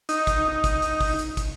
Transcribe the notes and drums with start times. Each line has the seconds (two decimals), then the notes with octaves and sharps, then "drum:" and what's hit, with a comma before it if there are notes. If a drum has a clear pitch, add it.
0.09 D#4, drum: hi-hat
0.27 drum: kick, hi-hat
0.49 D#4
0.64 drum: kick, hi-hat
0.82 drum: hi-hat
1.01 drum: kick, open hi-hat
1.19 drum: hi-hat
1.37 drum: kick, hi-hat